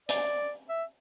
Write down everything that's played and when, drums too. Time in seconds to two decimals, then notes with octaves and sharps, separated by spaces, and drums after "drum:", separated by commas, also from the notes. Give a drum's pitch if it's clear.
0.09 D5, drum: hi-hat
0.69 E5